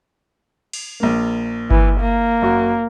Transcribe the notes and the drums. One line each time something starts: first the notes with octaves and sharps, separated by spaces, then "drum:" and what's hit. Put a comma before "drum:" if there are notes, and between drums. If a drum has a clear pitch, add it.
drum: cymbal
A#1 A#3
E3, drum: kick G1
A#3
F#2 F#4